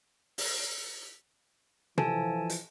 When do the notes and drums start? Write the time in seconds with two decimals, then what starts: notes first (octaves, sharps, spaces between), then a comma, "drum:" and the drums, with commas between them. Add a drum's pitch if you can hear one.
0.38 drum: open hi-hat
1.98 E3 F3 A4 G#5 A5, drum: tom
2.50 drum: hi-hat